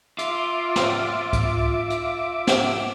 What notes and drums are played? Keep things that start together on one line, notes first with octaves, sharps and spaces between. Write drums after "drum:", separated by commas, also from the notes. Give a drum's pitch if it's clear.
F4 E5 D6, drum: hi-hat
drum: snare
drum: kick C2, hi-hat
drum: hi-hat
drum: snare